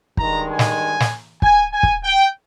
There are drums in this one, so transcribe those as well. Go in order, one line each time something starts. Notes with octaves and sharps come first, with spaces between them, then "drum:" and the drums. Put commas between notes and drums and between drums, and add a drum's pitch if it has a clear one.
G2 D#3 G#3 A#5, drum: kick
G#5
drum: snare
drum: snare
G#5, drum: kick
G#5
drum: kick
G5